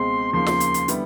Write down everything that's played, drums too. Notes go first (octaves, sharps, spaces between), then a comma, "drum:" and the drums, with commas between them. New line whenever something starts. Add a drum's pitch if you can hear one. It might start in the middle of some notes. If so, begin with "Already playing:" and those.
Already playing: C#2 B2 G#3 C4 C6
D#2 C#3 F3 A#3 C6
drum: snare
drum: hi-hat
drum: hi-hat
D3 G3 B3 E4, drum: hi-hat